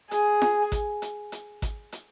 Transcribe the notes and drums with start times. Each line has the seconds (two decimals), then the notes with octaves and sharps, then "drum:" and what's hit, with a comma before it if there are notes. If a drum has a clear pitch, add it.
0.11 G#4, drum: hi-hat
0.42 drum: snare
0.72 drum: kick G#1, hi-hat
1.02 drum: hi-hat
1.32 drum: hi-hat
1.62 drum: kick G#1, hi-hat
1.92 drum: hi-hat